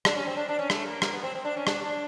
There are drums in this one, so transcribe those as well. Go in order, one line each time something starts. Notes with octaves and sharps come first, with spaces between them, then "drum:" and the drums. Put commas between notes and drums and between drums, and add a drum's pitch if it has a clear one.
D4, drum: rim click
C#4
C4
D4
D4
C#4
A3, drum: rim click
A#3
A#3, drum: rim click
B3
C4
C4
D4
C#4
D4, drum: rim click
D4